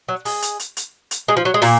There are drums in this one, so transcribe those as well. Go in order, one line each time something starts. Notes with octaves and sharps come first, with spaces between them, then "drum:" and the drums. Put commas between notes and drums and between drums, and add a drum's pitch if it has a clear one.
F#3
G#3, drum: open hi-hat
drum: hi-hat
drum: hi-hat
drum: hi-hat
drum: hi-hat
G#3
F3
F#3
G#3
A#2 A#3, drum: open hi-hat